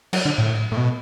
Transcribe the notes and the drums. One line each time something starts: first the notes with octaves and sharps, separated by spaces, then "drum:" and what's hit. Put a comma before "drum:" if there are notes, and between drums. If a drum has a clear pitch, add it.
F#3, drum: cymbal
D3
A2
A2
B2